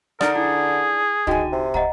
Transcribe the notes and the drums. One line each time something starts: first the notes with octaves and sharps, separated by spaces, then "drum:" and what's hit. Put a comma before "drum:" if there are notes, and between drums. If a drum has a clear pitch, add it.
D3 D4 D#4 A#4 D5 D#6, drum: rim click
E4 G#4
D3 G#3 D#4 F#4 G5 G#5, drum: kick
C3
D#5 F#5 A#5, drum: kick